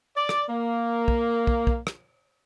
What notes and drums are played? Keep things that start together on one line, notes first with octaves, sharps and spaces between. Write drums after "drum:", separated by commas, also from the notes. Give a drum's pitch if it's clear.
D5
drum: rim click
A#3
drum: kick
drum: kick
drum: kick
drum: rim click